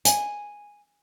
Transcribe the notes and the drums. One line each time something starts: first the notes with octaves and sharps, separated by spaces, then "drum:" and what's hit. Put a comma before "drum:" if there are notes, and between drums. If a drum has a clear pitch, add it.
G#5, drum: hi-hat